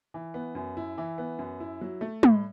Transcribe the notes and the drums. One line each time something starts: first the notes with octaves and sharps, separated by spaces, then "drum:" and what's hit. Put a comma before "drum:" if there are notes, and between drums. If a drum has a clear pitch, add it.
E3
B3
F#2
E4
E3
B3
F#2
E4
F#3
A3
A2, drum: tom